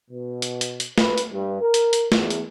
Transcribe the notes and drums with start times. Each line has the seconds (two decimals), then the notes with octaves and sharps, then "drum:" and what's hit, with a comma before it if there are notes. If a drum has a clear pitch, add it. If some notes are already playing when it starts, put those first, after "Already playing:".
0.11 B2
0.42 drum: hi-hat
0.61 drum: hi-hat
0.80 drum: hi-hat
0.98 B4, drum: snare
1.18 drum: hi-hat
1.32 G2
1.62 A#4
1.74 drum: hi-hat
1.93 drum: hi-hat
2.12 E2, drum: snare
2.30 drum: hi-hat